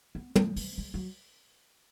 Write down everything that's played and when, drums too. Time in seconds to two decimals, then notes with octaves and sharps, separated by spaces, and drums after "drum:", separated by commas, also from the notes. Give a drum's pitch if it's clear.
0.15 B3
0.36 A3, drum: tom
0.56 B3, drum: open hi-hat
0.78 G#3
0.94 F#3